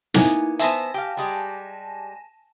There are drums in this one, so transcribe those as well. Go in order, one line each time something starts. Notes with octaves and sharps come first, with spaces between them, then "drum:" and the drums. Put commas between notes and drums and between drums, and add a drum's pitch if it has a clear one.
A#3 B3 D#4 E4 G#5, drum: snare
B3 C5 E5 G#5 A5 A#6, drum: hi-hat
G4 F5
G3 G#3 G4